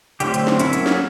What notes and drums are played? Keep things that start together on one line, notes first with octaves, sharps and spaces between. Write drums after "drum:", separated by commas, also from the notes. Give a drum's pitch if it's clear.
D3 F#3 A3 C4 F4 G4, drum: hi-hat
drum: hi-hat
drum: snare
F#3 A#3 C#4 E4 F#4, drum: hi-hat
drum: hi-hat
drum: snare